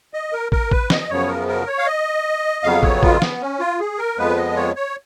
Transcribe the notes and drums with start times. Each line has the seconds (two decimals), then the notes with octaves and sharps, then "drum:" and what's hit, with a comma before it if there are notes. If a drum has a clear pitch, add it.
0.14 D#5
0.33 A#4
0.52 A#4, drum: kick
0.71 B4, drum: kick
0.90 D#5, drum: snare
1.10 F#2 C#3 F3 B3 C#5
1.29 A#4
1.48 A#4
1.67 C#5
1.78 F5
1.87 D#5
2.63 F2 C#3 F#3 B3 F5
2.83 C#5, drum: kick
3.03 F4, drum: kick
3.22 B3, drum: snare
3.41 C#4
3.60 F4
3.80 G#4
3.98 A#4
4.18 F2 F3 G#3 B3 B4
4.37 D#5
4.56 C#5
4.76 C#5